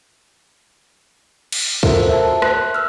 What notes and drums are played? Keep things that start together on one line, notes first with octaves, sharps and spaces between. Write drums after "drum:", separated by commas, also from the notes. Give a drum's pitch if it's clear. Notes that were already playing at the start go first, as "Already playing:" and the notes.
drum: cymbal
F4 F#4 A4 A#4 C5 E5, drum: kick
E5 A5
F#6, drum: rim click
E6 F6